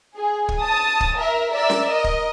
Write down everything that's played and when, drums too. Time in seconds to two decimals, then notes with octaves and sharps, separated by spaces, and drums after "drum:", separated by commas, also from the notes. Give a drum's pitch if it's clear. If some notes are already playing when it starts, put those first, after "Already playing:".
0.16 G#4
0.49 drum: kick
0.60 A5 D#6
1.00 drum: kick
1.18 A#4 E5
1.52 A#4 D5 E5 E6
1.70 drum: snare
1.87 A#4 D#5
2.04 drum: kick